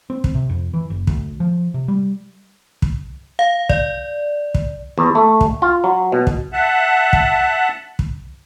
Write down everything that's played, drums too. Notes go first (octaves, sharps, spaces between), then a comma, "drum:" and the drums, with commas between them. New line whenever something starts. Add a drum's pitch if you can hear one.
C4
drum: kick
C3
F2
E3
F#1
D2, drum: kick
F3
C3
G3
drum: kick
F5
D5, drum: kick
drum: kick
E2
A3
drum: kick
F4
F#3
B2
drum: kick
E5 F#5 A5 F#6
drum: kick
drum: kick